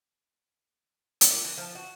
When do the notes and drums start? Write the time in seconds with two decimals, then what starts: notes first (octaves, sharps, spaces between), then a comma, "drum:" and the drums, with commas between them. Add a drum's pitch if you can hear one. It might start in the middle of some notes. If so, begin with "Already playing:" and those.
1.21 drum: hi-hat
1.31 A#2
1.44 E3
1.58 F3
1.75 F#4